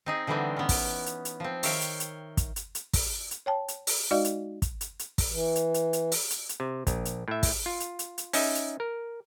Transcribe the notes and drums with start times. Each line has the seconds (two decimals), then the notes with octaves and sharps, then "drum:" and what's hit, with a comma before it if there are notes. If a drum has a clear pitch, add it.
0.06 C4 D#4 G#4
0.27 D3 E3 G3 B3 C4 D#4
0.56 B3 C#4
0.69 drum: kick, open hi-hat
1.06 drum: hi-hat
1.25 drum: hi-hat
1.40 F3 C4
1.63 D#3 C#5 E5 F5 G5, drum: open hi-hat
1.81 drum: hi-hat
2.00 drum: hi-hat
2.37 drum: kick, hi-hat
2.56 drum: hi-hat
2.75 drum: hi-hat
2.93 drum: kick, open hi-hat
3.31 drum: hi-hat
3.46 C#5 G5 A5
3.68 drum: hi-hat
3.87 drum: open hi-hat
4.11 G#3 D#4 F#4 D5 D#5 F5
4.25 drum: hi-hat
4.62 drum: kick, hi-hat
4.81 drum: hi-hat
4.99 drum: hi-hat
5.18 drum: kick, open hi-hat
5.31 E3
5.56 drum: hi-hat
5.74 drum: hi-hat
5.93 drum: hi-hat
6.12 drum: open hi-hat
6.30 drum: hi-hat
6.49 drum: hi-hat
6.60 C3
6.87 A#1, drum: kick, hi-hat
7.05 drum: hi-hat
7.28 A2 E5
7.43 drum: kick, open hi-hat
7.66 F4
7.80 drum: hi-hat
7.99 drum: hi-hat
8.18 drum: hi-hat
8.33 C#4 D#4 D#5 E5, drum: open hi-hat
8.55 drum: hi-hat
8.80 A#4